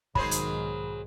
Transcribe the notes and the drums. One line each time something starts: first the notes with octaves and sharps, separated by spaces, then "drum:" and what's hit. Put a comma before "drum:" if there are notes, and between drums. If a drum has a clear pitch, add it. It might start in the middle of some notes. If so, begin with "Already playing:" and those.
B1 G#2 D#3 F#3 G#4 C5 B5, drum: kick
drum: hi-hat